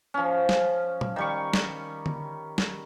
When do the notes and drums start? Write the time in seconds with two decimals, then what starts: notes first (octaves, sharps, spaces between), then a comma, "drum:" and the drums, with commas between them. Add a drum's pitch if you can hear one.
0.14 F3 C#4
0.49 drum: snare
1.01 drum: tom A#2
1.16 D#3 G3 C#6
1.53 drum: snare
2.06 drum: tom D3
2.58 drum: snare